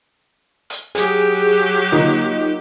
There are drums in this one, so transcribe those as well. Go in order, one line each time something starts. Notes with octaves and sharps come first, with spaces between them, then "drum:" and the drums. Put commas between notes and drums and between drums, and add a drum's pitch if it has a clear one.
drum: hi-hat
F#3 G4 G#4, drum: hi-hat
A#3 D#4 F4, drum: tom D3